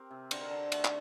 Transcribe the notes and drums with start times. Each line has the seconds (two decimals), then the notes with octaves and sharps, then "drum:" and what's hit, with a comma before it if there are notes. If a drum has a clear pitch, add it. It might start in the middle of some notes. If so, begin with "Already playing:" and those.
Already playing: C4 G4 A#4
0.11 C3
0.31 D3 C5, drum: cymbal
0.41 A#4
0.51 D3 A4
0.72 A3, drum: cymbal
0.85 drum: clap